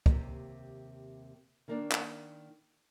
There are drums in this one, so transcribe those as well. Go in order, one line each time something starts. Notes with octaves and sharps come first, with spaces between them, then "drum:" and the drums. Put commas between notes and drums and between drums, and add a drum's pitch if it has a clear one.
D#2 C3, drum: kick
D#3 A#3 D4
drum: clap